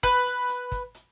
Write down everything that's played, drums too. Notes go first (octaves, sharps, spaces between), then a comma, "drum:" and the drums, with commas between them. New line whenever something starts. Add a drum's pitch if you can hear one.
B4, drum: kick, hi-hat
drum: hi-hat
drum: hi-hat
drum: kick, hi-hat
drum: hi-hat